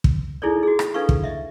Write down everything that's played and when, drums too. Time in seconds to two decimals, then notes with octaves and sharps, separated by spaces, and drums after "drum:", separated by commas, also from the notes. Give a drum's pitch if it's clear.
0.04 drum: kick
0.42 D#4 E4 G#4 A4 C#5 D5
0.63 F#4 G#4
0.79 drum: rim click
0.94 D4 A4 B4 F5 C#6
1.09 drum: kick
1.24 D#5 E5